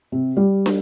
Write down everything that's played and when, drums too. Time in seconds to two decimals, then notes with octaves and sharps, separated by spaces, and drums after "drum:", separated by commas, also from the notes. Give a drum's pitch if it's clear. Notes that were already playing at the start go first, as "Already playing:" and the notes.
0.12 C3
0.37 G3
0.66 drum: snare